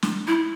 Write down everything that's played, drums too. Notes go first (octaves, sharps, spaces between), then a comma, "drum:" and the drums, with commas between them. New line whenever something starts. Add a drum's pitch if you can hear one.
drum: snare
E4